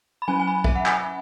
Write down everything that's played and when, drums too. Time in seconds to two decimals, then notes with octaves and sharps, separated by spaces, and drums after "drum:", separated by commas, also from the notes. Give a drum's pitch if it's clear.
0.22 B5
0.28 F#3 C#4 G#5
0.40 G#5
0.47 B5
0.64 E5, drum: kick A#1
0.75 F#5
0.86 G#5, drum: clap